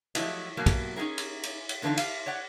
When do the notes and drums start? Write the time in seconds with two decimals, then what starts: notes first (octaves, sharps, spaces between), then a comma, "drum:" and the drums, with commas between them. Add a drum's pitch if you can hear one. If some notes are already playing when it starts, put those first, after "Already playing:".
0.15 F3 F#3 A3 E4 F#4 D#5, drum: cymbal
0.57 B2 F#3 A#3
0.66 drum: kick, cymbal
0.96 C#4 D#4 F#4 G#4 A#4
1.18 drum: cymbal
1.43 drum: cymbal
1.69 drum: cymbal
1.82 E2 D3 A#3 D4 D#4 F4
1.97 F5, drum: cymbal
2.26 C#5 D5 F#5